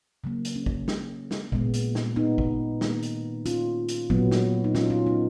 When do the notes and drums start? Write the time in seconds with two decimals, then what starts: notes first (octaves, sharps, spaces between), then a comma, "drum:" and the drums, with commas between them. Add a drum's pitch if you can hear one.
0.24 C#3 F#3 A#3
0.45 drum: hi-hat
0.55 C#4
0.66 drum: kick G#1
0.88 drum: snare
1.31 drum: snare
1.52 A#2 G#3 B3, drum: kick G#1
1.74 drum: hi-hat
1.95 drum: snare
2.16 B3 D#4
2.38 drum: kick G#1
2.81 D#3 A#3, drum: snare
3.03 drum: hi-hat
3.46 C#4 F4, drum: hi-hat
3.88 drum: hi-hat
4.10 A#2 F#3 B3, drum: kick G#1
4.31 drum: snare
4.64 D#4
4.75 C#4 F4, drum: snare
4.90 C#4 F4
5.06 B3 D#4